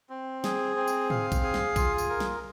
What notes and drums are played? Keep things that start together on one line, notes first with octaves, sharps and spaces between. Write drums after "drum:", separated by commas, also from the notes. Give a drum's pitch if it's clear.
C4
G#4, drum: snare
C4
drum: tambourine
F5, drum: tom G#2
drum: kick A#1, tambourine
G#4
drum: snare
F4, drum: kick A#1, tambourine
drum: tambourine
A#4
drum: snare